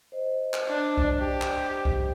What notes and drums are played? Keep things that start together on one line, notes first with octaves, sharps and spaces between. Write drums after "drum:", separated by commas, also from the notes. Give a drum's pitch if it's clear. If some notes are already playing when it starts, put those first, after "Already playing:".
C5 D#5
drum: clap
D4
drum: kick B1
G4
drum: clap
drum: kick B1